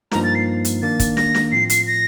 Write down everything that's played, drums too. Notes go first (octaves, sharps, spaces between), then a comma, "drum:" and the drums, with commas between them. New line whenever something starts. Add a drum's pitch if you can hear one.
G2 F3 A#3 D#4 A#5, drum: snare
A6
C7
drum: hi-hat
D#3 A#3 D4 A6
drum: kick, hi-hat
A#6, drum: snare
drum: snare
A2 F3 C4 F4 C7
C7, drum: hi-hat
A#6